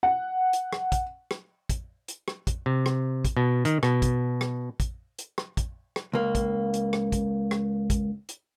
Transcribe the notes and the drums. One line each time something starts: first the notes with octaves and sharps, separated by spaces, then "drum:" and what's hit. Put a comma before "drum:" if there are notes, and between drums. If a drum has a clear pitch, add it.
F#5
drum: hi-hat
drum: rim click
drum: kick, hi-hat
drum: rim click
drum: kick, hi-hat
drum: hi-hat
drum: rim click
drum: kick, hi-hat
C3
drum: rim click
drum: kick, hi-hat
B2
D#3, drum: hi-hat
B2, drum: rim click
drum: kick, hi-hat
drum: rim click
drum: kick, hi-hat
drum: hi-hat
drum: rim click
drum: kick, hi-hat
drum: rim click
C#2 A#3
drum: kick, hi-hat
drum: hi-hat
drum: rim click
drum: kick, hi-hat
drum: rim click
drum: kick, hi-hat
drum: hi-hat